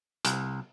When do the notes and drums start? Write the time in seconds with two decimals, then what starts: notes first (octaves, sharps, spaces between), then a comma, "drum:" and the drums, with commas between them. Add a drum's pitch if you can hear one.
0.25 C2, drum: hi-hat